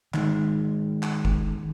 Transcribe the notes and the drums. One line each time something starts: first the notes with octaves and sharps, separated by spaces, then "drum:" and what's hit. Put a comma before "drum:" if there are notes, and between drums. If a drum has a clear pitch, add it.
D#3 G#3, drum: clap
drum: clap
drum: kick F1